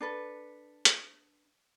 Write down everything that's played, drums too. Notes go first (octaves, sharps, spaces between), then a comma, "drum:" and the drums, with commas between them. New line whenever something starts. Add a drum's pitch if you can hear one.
D4 A4 B4
drum: hi-hat